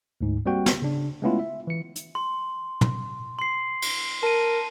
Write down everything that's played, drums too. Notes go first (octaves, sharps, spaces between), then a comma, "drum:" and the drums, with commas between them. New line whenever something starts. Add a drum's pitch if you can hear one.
D2 G#2
G3 A#3 C4 F#4 G5
drum: snare
C#3 D4
G#3 A3 B3 C#4 E4 F4
E5
E3 C#7
drum: hi-hat
C6
drum: tom
C6 C7
drum: cymbal
A#4 A5 D#7